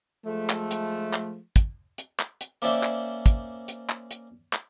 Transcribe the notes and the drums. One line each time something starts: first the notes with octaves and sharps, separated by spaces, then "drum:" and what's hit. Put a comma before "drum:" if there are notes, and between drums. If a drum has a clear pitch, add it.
F3 G#3 A3
drum: clap
drum: hi-hat
drum: clap
drum: kick, hi-hat
drum: hi-hat
drum: clap
drum: hi-hat
A#3 C#4 C5 D5 E5 G5
drum: clap
drum: kick, hi-hat
drum: hi-hat
drum: clap
drum: hi-hat
drum: clap